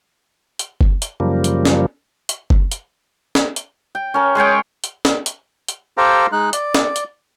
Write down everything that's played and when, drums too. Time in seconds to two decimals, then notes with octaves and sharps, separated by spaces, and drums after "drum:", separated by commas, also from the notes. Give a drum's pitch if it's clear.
0.59 drum: hi-hat
0.81 drum: kick F#1
1.02 drum: hi-hat
1.20 F#2 C#3 F3 G3 A#3
1.44 drum: hi-hat
1.65 drum: snare
2.29 drum: hi-hat
2.50 drum: kick F#1
2.72 drum: hi-hat
3.35 drum: snare
3.56 drum: hi-hat
3.95 G5
4.14 C#4 A#4
4.35 G#3 G#4 C#5 G5
4.84 drum: hi-hat
5.05 drum: snare
5.26 drum: hi-hat
5.68 drum: hi-hat
5.98 G4 A4 C5 F5 G5 A#5
6.32 G#3 D#4 F#6
6.53 D5, drum: hi-hat
6.75 drum: snare
6.96 drum: hi-hat